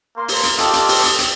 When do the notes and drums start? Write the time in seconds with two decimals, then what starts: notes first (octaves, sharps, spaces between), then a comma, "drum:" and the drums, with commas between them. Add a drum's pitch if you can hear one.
0.17 A#3 C6
0.28 drum: open hi-hat
0.43 drum: hi-hat
0.58 F4 G4 A4 D#5 D6, drum: hi-hat
0.73 drum: hi-hat
0.88 drum: open hi-hat
1.04 drum: hi-hat
1.19 drum: hi-hat